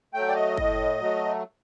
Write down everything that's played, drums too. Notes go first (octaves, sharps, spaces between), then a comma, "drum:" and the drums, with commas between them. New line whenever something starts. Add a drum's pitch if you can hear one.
F#3 A3 G5
D5
D#5
A2, drum: kick
F#3 A3